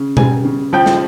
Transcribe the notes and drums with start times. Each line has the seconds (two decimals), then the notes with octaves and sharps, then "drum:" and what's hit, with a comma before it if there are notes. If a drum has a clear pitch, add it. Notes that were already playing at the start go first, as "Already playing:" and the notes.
Already playing: C#3
0.17 G3 G#5, drum: tom B2
0.45 C#3
0.73 F3 G5
0.86 drum: snare